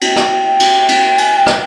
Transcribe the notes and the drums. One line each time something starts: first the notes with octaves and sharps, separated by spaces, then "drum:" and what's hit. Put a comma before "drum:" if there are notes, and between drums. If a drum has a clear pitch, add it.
G5, drum: cymbal
drum: rim click
drum: cymbal
drum: cymbal
G#5, drum: cymbal
G5
drum: rim click